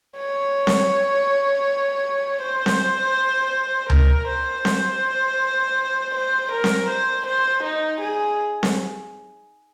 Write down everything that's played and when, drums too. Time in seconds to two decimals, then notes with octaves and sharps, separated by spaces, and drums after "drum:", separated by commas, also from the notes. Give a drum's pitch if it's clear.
0.18 C#5
0.67 drum: snare C4
2.42 C5
2.66 drum: snare C4
3.90 A#4, drum: tom C#2
4.28 C5
4.65 drum: snare C4
6.15 C5
6.52 A#4
6.64 drum: snare C4
6.89 C5
7.26 C5
7.63 D#4
8.01 G#4
8.63 drum: snare C4